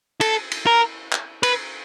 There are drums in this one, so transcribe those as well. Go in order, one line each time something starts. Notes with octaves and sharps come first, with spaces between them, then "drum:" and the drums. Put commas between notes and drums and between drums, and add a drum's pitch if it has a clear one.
A4, drum: cymbal
drum: cymbal
A#4
drum: clap
B4, drum: cymbal